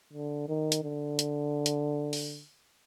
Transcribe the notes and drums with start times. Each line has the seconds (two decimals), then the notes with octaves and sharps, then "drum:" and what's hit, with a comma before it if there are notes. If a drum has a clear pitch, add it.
0.13 D3
0.49 D#3
0.72 drum: hi-hat
0.83 D3
1.19 drum: hi-hat
1.66 drum: hi-hat
2.13 drum: open hi-hat